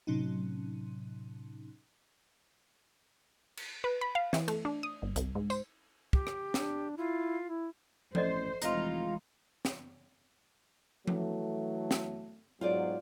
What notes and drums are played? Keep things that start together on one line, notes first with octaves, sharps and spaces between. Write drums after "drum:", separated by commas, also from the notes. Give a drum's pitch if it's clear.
A2 C3 F#3 C#4 D#4
drum: cymbal
B4
B5
F5
E3, drum: snare
A3, drum: cymbal
D4
D#6
G1
C2, drum: hi-hat
G#2
C5, drum: tambourine
G4, drum: kick
drum: rim click
D4, drum: snare
E4 F4
E4
A1 A4 C5 D5 D#5, drum: tom F3
F1 E3 G#3 D#4 F4, drum: hi-hat
drum: snare
E3 F#3 A3, drum: tom F3
drum: snare
G#2 B2 F#3 F4 C5 D5